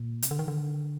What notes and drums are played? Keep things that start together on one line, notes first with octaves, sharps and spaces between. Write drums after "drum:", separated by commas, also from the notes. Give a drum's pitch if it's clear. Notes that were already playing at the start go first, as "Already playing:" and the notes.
Already playing: A#2
C3, drum: hi-hat
D3
D#3
D3